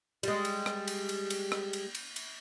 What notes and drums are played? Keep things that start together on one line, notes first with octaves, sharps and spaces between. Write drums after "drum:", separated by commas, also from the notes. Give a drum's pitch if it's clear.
G3 G#3, drum: cymbal
drum: cymbal
drum: rim click
drum: cymbal
drum: cymbal
drum: cymbal
drum: rim click
drum: cymbal
drum: cymbal
drum: cymbal